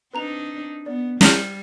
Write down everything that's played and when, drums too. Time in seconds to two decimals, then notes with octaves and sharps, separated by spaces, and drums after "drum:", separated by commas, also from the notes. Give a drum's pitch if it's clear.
0.14 C4 D4 D#4 B4 A#5 F7
0.86 B3 D5
1.21 G3 D5 F6 G6, drum: snare